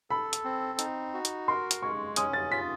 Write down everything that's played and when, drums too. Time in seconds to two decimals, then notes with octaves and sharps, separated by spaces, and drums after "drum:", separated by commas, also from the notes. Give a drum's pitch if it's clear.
0.10 A4 B5
0.33 drum: hi-hat
0.44 C4
0.79 D#4, drum: hi-hat
1.14 F#4
1.25 drum: hi-hat
1.48 A#4 C6
1.71 drum: hi-hat
1.83 G#3 C#6
2.16 C#4 D#6, drum: hi-hat
2.33 A6
2.51 F4 B6